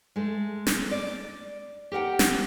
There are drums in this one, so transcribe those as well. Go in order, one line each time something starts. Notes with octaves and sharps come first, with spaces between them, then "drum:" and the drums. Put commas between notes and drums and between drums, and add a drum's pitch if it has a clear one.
G#3 A3
drum: snare
D5
G4 A#4 F#5 G5
drum: snare